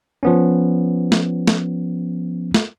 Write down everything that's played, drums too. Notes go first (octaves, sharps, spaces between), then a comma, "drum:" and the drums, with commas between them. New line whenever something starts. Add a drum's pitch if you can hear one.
F3 B3 C#4
drum: snare
drum: snare
drum: snare